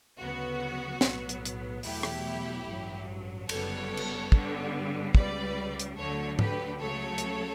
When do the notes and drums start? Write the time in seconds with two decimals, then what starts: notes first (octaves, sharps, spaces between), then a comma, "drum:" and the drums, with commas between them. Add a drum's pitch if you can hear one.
0.18 D2 C#3 F#3 B3 F#4
1.01 B1 A2 F#3 B3, drum: snare
1.29 drum: hi-hat
1.45 drum: hi-hat
1.83 E2 B2 F#3 A3 E4 G4, drum: open hi-hat
2.03 drum: rim click
2.67 A1 G2 F#3
3.49 G1 F#2 C#3 G3 B3 A4 C#5, drum: cymbal
3.97 drum: cymbal
4.32 G2 D3 G3 B3, drum: kick
5.15 C#2 C#3 G3 B4 D5, drum: kick
5.80 drum: hi-hat
5.97 D2 D3 F#3 A3 A4 C#5
6.39 G4 B4, drum: tom G#2
6.80 C#2 C#3 F#3 A3 A4 C#5
7.18 drum: hi-hat